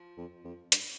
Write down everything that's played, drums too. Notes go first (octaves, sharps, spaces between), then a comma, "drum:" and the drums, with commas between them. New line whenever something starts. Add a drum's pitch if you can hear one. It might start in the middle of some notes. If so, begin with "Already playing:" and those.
Already playing: F3
F2
F2
G2, drum: hi-hat